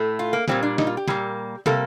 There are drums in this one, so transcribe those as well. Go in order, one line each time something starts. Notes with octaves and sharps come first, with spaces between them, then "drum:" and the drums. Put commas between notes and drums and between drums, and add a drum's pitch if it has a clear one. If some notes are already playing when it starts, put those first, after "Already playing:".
Already playing: A2 A3
F4
A#3
A#2 G3 A#3 C4, drum: snare
D4
D#4, drum: snare
F4
G4
A#2 G3 A#3, drum: snare
C3 G3 A#3 A4, drum: snare